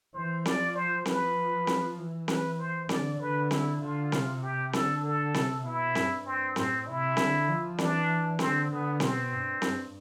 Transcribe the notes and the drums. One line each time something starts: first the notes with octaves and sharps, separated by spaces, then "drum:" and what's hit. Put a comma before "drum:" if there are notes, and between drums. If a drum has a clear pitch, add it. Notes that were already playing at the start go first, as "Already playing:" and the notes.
E3 C5
F3 D5, drum: snare C4
C5
F3 B4, drum: snare C4
drum: snare C4
E3
B4, drum: snare C4
C5
D3 D5, drum: snare C4
D3 B4
E4, drum: snare C4
D3 F4
C3, drum: snare C4
G4
D3 A4, drum: snare C4
A4
C3, drum: snare C4
B2 E4
G2, drum: snare C4
C4
A2 C4, drum: snare C4
C3 E4
D3, drum: snare C4
F3
E3 D4, drum: snare C4
D3 C4, drum: snare C4
D3 B3
B2 C4, drum: snare C4
G2
drum: snare C4